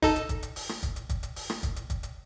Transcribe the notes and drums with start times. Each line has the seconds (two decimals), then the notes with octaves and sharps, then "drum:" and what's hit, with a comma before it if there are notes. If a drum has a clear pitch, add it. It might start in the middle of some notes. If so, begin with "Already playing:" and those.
0.02 D#4 A4, drum: kick
0.16 drum: hi-hat
0.29 drum: kick, hi-hat
0.43 drum: hi-hat
0.56 drum: open hi-hat
0.69 drum: rim click
0.83 drum: kick, hi-hat
0.96 drum: hi-hat
1.09 drum: kick, hi-hat
1.23 drum: hi-hat
1.36 drum: open hi-hat
1.50 drum: rim click
1.63 drum: kick, hi-hat
1.76 drum: hi-hat
1.90 drum: kick, hi-hat
2.03 drum: hi-hat